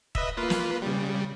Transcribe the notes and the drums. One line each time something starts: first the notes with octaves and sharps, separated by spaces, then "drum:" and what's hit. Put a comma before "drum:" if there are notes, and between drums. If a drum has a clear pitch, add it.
B4 D#5 E5, drum: kick E1
A#3 F4 B4
drum: snare
C#3 G3